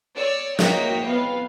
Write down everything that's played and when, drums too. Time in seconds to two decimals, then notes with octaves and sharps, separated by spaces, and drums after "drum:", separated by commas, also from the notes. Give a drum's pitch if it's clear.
0.16 C#5 D5 E6
0.59 A#3 F#4 C#5 D#5 E5 G5, drum: snare
1.05 B3 C4 F5